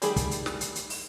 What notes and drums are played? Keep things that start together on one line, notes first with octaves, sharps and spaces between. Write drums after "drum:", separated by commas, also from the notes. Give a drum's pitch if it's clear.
D#3 G3 A3 G#4 B5, drum: hi-hat
drum: kick, hi-hat
drum: hi-hat
drum: snare
drum: hi-hat
drum: hi-hat
drum: open hi-hat